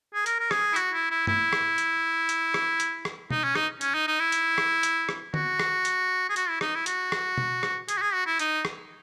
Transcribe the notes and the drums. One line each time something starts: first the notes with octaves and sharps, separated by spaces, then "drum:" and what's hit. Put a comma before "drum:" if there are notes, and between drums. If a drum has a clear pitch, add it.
G#4
A#4, drum: hi-hat
A#4
G#4, drum: rim click
E4
F#4, drum: hi-hat
E4
E4
E4, drum: tom G2
drum: rim click
drum: hi-hat
drum: hi-hat
drum: rim click
drum: hi-hat
drum: rim click
D#4, drum: tom B2
C#4
D#4, drum: rim click
C#4, drum: hi-hat
D#4
D#4
E4
drum: hi-hat
drum: rim click
drum: hi-hat
drum: rim click
F#4, drum: tom D3
drum: rim click
drum: hi-hat
G#4
F#4, drum: hi-hat
E4
D#4, drum: rim click
E4
F#4, drum: hi-hat
drum: rim click
drum: tom B2
drum: rim click
G#4, drum: hi-hat
F#4
G#4
F#4
E4
D#4, drum: hi-hat
drum: rim click